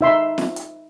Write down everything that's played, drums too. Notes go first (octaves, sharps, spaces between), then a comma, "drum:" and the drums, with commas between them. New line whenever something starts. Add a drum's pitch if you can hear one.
D#4 E5 C6
drum: snare
drum: hi-hat